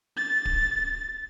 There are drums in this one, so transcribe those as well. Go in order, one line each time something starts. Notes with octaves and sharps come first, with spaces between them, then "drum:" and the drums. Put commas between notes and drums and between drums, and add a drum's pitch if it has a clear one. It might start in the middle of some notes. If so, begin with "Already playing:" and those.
A6
drum: kick D1